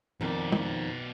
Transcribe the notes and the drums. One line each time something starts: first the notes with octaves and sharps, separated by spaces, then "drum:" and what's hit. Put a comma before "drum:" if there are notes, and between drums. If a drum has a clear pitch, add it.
F2 B2 D#3 D5
drum: tom